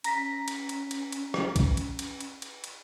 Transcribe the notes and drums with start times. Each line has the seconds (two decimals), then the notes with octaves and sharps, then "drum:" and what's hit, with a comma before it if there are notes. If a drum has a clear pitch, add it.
0.04 C#4 A#5 A#6 B6, drum: cymbal
0.48 drum: cymbal
0.69 drum: cymbal
0.91 drum: cymbal
1.12 drum: cymbal
1.34 drum: rim click
1.56 drum: kick, cymbal
1.77 drum: cymbal
1.99 drum: cymbal
2.21 drum: cymbal
2.42 drum: cymbal
2.64 drum: cymbal